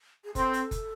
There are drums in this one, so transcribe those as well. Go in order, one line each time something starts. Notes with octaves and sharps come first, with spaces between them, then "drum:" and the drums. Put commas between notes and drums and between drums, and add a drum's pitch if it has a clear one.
G#4
C4 A4, drum: kick F#1, hi-hat
drum: hi-hat
drum: kick F#1, hi-hat